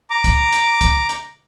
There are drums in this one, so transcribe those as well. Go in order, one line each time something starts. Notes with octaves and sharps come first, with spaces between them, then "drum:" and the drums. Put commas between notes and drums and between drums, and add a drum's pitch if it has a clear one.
A#5 D6
drum: kick, hi-hat
drum: hi-hat
drum: kick, hi-hat
drum: hi-hat